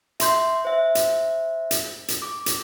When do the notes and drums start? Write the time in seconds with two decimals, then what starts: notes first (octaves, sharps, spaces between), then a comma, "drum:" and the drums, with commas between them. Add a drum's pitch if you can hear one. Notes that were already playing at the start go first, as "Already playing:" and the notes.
0.20 E5 C6 G6, drum: hi-hat
0.65 C5 E5
0.95 drum: hi-hat
1.71 drum: hi-hat
2.08 drum: hi-hat
2.22 D6
2.46 drum: hi-hat